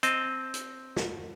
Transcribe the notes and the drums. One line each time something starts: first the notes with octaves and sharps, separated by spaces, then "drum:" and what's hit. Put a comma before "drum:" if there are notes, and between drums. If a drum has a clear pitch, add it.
C4 D#5 A5, drum: hi-hat
drum: hi-hat
drum: snare